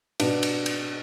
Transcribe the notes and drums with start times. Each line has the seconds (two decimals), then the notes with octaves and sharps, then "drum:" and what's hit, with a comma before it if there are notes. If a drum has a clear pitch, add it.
0.20 B2 B3 D4, drum: cymbal
0.43 drum: cymbal
0.66 drum: cymbal